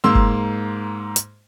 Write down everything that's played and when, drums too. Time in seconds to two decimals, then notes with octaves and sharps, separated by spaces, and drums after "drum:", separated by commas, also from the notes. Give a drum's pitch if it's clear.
0.04 G#2 A#3 C6 E6
0.15 drum: kick F#1
1.16 drum: hi-hat